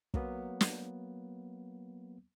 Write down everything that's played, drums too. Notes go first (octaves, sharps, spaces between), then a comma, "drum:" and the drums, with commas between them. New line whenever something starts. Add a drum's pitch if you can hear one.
F#3 A#3 B3, drum: kick
drum: snare